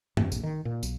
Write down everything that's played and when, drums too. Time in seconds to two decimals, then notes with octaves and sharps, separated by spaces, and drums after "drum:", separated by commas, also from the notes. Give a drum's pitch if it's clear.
0.17 F2, drum: tom G2
0.32 A#1, drum: tambourine
0.43 D#3
0.65 A#2
0.83 B1, drum: tambourine